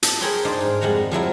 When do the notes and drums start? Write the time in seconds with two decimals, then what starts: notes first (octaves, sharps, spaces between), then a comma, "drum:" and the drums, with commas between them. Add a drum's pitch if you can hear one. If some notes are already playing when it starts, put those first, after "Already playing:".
0.03 A4, drum: hi-hat
0.20 G#4 A#4 C#5 G5 B5 C6
0.45 D4 D#4 C5 D5 F5
0.60 G#2
0.81 F2 G3 G#3 F#5 A#5
1.12 F3 F#3 E4 A#4